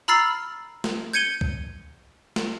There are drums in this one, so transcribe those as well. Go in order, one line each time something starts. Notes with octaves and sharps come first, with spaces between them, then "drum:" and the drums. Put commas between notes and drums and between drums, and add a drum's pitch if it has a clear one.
A#5 B5 E6 F6 A6 C7
drum: snare
G6 G#6 C#7 D#7 G7
drum: kick
drum: snare